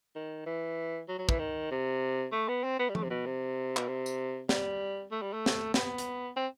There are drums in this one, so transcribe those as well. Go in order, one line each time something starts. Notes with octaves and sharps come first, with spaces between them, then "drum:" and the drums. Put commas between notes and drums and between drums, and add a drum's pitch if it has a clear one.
D#3
E3
F#3
F#3
E3, drum: kick
D#3
C3
A3
B3
C4
B3
G3
A3, drum: tom F3
C3
B2
C3
B2, drum: clap
C3
drum: tambourine
G3, drum: snare
A3
G3
A3
drum: snare
B3, drum: snare
drum: hi-hat
C4